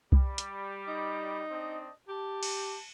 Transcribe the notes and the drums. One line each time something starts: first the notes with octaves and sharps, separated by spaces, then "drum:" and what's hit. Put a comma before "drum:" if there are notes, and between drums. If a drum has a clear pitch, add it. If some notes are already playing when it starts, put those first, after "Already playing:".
G3, drum: kick C2
drum: hi-hat
D#4
C4 D4 D#5
G4 A5
drum: cymbal